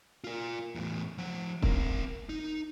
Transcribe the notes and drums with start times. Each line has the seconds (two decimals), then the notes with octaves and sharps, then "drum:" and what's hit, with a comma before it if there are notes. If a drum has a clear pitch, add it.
0.24 F4 A#4
0.75 E2 A2
1.18 F3 F#5
1.62 C4 A#4, drum: kick
2.29 D#4